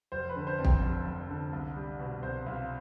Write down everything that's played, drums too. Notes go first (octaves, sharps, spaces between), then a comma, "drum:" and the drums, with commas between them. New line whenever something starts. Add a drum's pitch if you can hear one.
F1 C5
B4
D3
C5
F2
G5, drum: kick
F1
F1
D3
C2
G3
B2
C2 C5
C2 F4